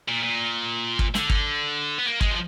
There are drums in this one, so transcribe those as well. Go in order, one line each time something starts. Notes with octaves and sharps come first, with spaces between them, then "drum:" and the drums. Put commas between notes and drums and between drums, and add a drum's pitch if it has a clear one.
A#2
A#2
drum: kick
D3, drum: snare
drum: kick
B3
A#3
G#3, drum: kick
F3